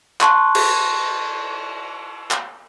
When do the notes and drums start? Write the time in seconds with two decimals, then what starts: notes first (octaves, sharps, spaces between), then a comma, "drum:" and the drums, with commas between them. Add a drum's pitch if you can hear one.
0.21 A5 C6 C#6 F#6, drum: clap
0.55 drum: cymbal
2.31 drum: clap